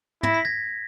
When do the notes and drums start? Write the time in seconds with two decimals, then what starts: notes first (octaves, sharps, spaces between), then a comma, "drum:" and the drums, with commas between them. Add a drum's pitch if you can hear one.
0.23 E4 A#6, drum: tom
0.34 B6
0.45 G#6 A#6